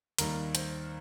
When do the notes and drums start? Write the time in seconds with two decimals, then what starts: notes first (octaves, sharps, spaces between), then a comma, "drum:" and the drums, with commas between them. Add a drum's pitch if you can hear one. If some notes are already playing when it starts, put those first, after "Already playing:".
0.18 D#2 D#3 G3 A#4, drum: hi-hat
0.55 C5, drum: hi-hat